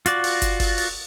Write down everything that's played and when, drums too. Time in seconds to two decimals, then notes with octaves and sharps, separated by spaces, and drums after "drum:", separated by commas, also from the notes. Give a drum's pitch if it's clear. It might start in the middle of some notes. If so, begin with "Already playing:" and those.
0.06 F4 F#4 D5, drum: hi-hat
0.24 drum: open hi-hat
0.42 drum: kick, hi-hat
0.60 drum: kick, open hi-hat
0.78 drum: open hi-hat